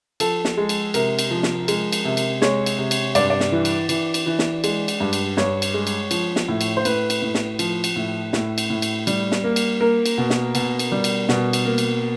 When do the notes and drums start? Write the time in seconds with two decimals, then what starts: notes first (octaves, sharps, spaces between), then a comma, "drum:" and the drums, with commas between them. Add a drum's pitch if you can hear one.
0.20 F3 A4, drum: cymbal
0.45 drum: snare
0.57 G#3
0.69 drum: cymbal
0.94 C3 A#4, drum: cymbal
1.19 drum: cymbal
1.31 F3
1.43 drum: snare
1.68 G#3, drum: cymbal
1.93 drum: cymbal
2.05 C3
2.17 drum: cymbal
2.42 G#3 C#5, drum: snare
2.66 drum: cymbal
2.79 C3
2.91 drum: cymbal
3.15 G2 D5, drum: cymbal
3.30 D5
3.40 drum: snare
3.52 E3
3.65 drum: cymbal
3.89 E3, drum: cymbal
4.14 drum: cymbal
4.26 E3
4.39 drum: snare
4.64 G#3, drum: cymbal
4.88 drum: cymbal
5.00 G2
5.13 drum: cymbal
5.37 G2 C#5, drum: snare
5.62 drum: cymbal
5.74 G#3
5.87 drum: cymbal
6.11 F3, drum: cymbal
6.36 drum: snare
6.48 A2
6.61 drum: cymbal
6.77 C5
6.85 A2 B4, drum: cymbal
7.10 drum: cymbal
7.22 A2
7.35 drum: snare
7.59 F3, drum: cymbal
7.84 drum: cymbal
7.96 A2
8.33 A2, drum: snare
8.58 drum: cymbal
8.70 A2
8.82 drum: cymbal
9.07 G3, drum: cymbal
9.32 drum: snare
9.44 A#3
9.56 drum: cymbal
9.81 A#3 A#4
10.06 drum: cymbal
10.18 B2
10.30 drum: snare
10.55 B2, drum: cymbal
10.79 drum: cymbal
10.92 G3
11.04 drum: cymbal
11.29 B2, drum: snare
11.53 drum: cymbal
11.65 A#3
11.78 drum: cymbal